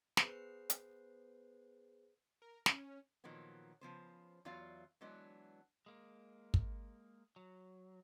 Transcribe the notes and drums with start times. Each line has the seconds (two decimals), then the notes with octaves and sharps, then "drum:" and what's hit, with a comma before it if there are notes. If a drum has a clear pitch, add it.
0.17 B3 G#4 B4 C5 C7, drum: snare
0.70 drum: hi-hat
2.42 A#4
2.66 C#4, drum: snare
3.24 A#2 D#3 F3 F#3 B3
3.81 C#3 F3 B3 C5
4.45 E2 F#3 F4 D5 F5
5.01 E3 F#3 G#3 B3 D4
5.86 G#3 A#3
6.54 drum: kick
7.36 F#3